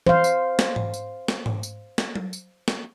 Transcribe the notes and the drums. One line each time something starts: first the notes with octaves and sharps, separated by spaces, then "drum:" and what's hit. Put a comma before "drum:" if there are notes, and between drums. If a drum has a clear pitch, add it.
C5 F5, drum: tom E3
drum: tambourine
drum: snare
drum: tom G#2
drum: tambourine
drum: snare
drum: tom G#2
drum: tambourine
drum: snare
drum: tom F#3
drum: tambourine
drum: snare